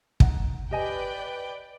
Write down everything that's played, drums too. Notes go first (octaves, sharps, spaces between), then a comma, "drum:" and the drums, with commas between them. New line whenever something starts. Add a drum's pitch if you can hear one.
D#4 F#5, drum: kick
G4 B4 D5 D#5 G5 G#5